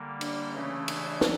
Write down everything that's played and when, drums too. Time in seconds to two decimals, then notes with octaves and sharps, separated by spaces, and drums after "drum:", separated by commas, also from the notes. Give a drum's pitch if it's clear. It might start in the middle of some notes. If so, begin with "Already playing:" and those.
Already playing: D3 G3 A#3
0.21 D4, drum: cymbal
0.53 C#3 E3 A3 C#4
0.88 D4, drum: cymbal
1.21 drum: snare